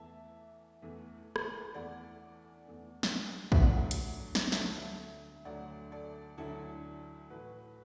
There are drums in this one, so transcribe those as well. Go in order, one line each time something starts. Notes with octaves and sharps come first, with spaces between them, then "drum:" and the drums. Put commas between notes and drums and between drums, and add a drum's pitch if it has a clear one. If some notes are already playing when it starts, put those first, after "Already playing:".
Already playing: E2 E3 A3 E5 A5
E2 E3 A3
drum: rim click
E2 E3 A3 D5 F#5
E2 E3 A3
drum: snare
E5, drum: kick
D2 D3 F#3 A3 D5 F#5
drum: hi-hat
drum: snare
D2 D3 F#3 A3 E5 A5, drum: snare
D2 D3 F#3 A3 D5 F#5
A4 D5
D2 D3 F#3 A3 E4 A4
A2 E3 A3 F#4 B4